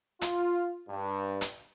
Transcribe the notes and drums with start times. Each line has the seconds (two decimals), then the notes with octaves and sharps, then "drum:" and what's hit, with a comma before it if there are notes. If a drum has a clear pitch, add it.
0.21 F4, drum: hi-hat
0.89 G2
1.41 drum: hi-hat